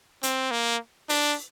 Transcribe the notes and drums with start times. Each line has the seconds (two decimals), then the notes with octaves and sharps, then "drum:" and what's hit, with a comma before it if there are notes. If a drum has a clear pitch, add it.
0.23 C4, drum: hi-hat
0.51 A#3
1.09 D4, drum: open hi-hat